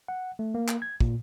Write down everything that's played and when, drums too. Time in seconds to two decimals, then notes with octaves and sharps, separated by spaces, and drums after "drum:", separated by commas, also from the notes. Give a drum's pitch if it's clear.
0.08 F#5
0.39 A3
0.55 A#3
0.68 drum: clap
0.82 G#6
1.00 A#2, drum: kick